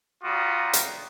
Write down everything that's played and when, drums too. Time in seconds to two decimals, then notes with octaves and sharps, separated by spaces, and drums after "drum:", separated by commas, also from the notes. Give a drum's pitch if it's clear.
0.23 G3 F4 F#4 A#5 D#6
0.73 drum: hi-hat